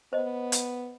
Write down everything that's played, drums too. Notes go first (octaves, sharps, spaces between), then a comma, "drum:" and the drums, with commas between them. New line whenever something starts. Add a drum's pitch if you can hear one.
B3 C5 D#5
drum: hi-hat